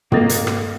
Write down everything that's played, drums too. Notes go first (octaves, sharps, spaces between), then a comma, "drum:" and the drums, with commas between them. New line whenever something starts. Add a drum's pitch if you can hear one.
A#3 C#4 A4 D#5, drum: tom
drum: hi-hat
drum: rim click